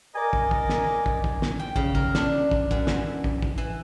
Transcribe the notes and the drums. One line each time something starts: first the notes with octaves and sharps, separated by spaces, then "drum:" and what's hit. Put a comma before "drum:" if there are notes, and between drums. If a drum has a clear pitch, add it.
A#4 D5 D#5 G#5 A#5
drum: kick
drum: kick
drum: snare
drum: kick
drum: kick
drum: snare
G5
C#3, drum: kick
A#4, drum: kick
D4, drum: snare
drum: kick
F#2, drum: kick
E3, drum: snare
drum: kick
drum: kick
E3